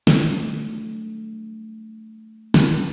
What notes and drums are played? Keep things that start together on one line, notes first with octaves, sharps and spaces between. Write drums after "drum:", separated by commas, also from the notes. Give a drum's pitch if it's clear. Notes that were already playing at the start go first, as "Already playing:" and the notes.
F#3 G3 A3 D4, drum: snare
drum: snare